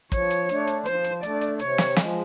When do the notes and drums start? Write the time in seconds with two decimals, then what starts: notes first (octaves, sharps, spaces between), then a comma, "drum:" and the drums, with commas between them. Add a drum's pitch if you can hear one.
0.12 F3 C#5, drum: kick, hi-hat
0.30 drum: hi-hat
0.49 A3 D4, drum: hi-hat
0.67 drum: hi-hat
0.86 F3 C5, drum: hi-hat
1.04 drum: hi-hat
1.23 A3 D4 D5, drum: hi-hat
1.41 drum: hi-hat
1.59 C3 C#5, drum: hi-hat
1.78 drum: snare
1.96 F3 G#3, drum: snare